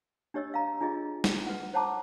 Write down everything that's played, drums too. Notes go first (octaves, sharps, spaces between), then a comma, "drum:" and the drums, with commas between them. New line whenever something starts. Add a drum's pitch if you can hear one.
D4 G4 C#5 D#5 E6
F5 A#5
D4 F4 G#4 D#5
drum: snare
B4 F#5
C5 C#5 F#5 A5 A#5 D6